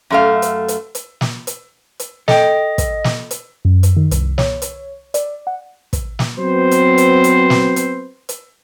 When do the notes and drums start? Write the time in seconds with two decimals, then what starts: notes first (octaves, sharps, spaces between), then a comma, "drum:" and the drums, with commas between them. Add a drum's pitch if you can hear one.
0.10 F#2 A3 F5
0.42 drum: hi-hat
0.68 drum: hi-hat
0.95 drum: hi-hat
1.21 drum: snare
1.47 drum: hi-hat
2.00 drum: hi-hat
2.28 A4 D#5 G5, drum: snare
2.78 drum: kick, hi-hat
3.04 drum: snare
3.31 drum: hi-hat
3.65 F#2
3.83 drum: hi-hat
3.96 D#3
4.11 C2, drum: hi-hat
4.38 C#5, drum: snare
4.62 drum: hi-hat
5.14 D5, drum: hi-hat
5.47 F#5
5.93 drum: kick, hi-hat
6.19 drum: snare
6.37 F#3 B3 C4 B4 C5
6.71 drum: hi-hat
6.98 drum: hi-hat
7.24 drum: hi-hat
7.50 drum: snare
7.76 drum: hi-hat
8.29 drum: hi-hat